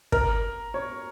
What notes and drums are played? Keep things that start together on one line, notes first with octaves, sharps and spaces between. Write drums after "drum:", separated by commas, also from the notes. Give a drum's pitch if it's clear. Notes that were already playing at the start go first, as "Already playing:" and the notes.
A#4, drum: kick
C#5